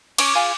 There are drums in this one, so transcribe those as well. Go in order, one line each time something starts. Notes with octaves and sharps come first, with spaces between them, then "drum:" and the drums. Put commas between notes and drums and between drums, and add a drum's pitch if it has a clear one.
C#4 D6, drum: cymbal
F4 G#4